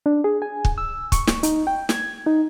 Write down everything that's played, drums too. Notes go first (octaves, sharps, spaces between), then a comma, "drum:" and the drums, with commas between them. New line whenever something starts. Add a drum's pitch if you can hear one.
D4
G#4
G#5
drum: kick
E6
C#6, drum: kick, hi-hat
drum: snare
D#4, drum: hi-hat
G5
G#6, drum: snare
D#4